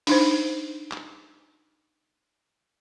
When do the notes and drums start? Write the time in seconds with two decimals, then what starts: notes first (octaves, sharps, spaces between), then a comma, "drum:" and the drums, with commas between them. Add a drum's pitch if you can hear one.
0.07 D4 D#4 C5, drum: open hi-hat
0.92 drum: clap